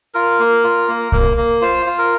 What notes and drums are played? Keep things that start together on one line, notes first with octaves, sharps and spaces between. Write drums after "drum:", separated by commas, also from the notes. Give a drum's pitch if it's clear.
F4 A#4
A#3
F4
A#3
A#3, drum: kick
A#3
F4 C5
F4
A#4